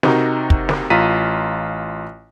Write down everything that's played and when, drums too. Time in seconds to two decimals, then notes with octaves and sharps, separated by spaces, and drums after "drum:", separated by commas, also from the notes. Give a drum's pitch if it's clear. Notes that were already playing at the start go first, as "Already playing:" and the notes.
0.03 C3 D#4 F#4 A#4, drum: snare
0.50 drum: kick
0.69 drum: snare
0.90 A1 F4 A#5 B6 D#7